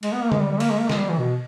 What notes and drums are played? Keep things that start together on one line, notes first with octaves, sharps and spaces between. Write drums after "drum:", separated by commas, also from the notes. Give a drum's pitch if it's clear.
G#3, drum: cymbal
B3
A#3
G#3, drum: tom D3
G3
G3
A#3, drum: cymbal
G#3
A#3
G#3, drum: snare
G3
E3
B2